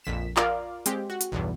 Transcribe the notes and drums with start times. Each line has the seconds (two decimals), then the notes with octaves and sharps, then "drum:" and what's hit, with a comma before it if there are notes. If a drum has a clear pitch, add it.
0.04 A#1 F2 B6 E7
0.37 F4 A#4 D5 F5, drum: clap
0.86 G#3 C4 G4, drum: hi-hat
1.10 F#4
1.21 drum: hi-hat
1.32 B1 E2 G2